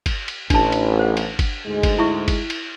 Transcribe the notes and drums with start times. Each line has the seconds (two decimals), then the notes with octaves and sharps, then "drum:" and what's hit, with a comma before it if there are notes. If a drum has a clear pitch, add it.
0.06 drum: kick G1, cymbal
0.28 drum: cymbal
0.50 A1 D4 A5, drum: kick G1, cymbal
0.72 drum: cymbal
0.99 C5 F5 F#5
1.17 drum: cymbal
1.39 drum: kick G1, cymbal
1.66 D2 G#2 G#3
1.83 drum: kick G1, cymbal
1.99 E4 E5 C#6
2.28 drum: kick G1, cymbal
2.50 drum: cymbal